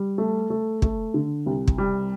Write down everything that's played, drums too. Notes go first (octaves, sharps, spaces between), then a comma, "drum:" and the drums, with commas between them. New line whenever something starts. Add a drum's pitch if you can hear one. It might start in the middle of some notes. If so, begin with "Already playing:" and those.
Already playing: G3
A3
A3
A3, drum: kick
D3
C2
drum: kick
G3